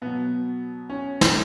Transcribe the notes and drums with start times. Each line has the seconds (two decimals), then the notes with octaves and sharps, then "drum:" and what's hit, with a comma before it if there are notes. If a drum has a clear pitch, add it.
0.02 B2 F#3 B3
0.90 C#4
1.21 drum: snare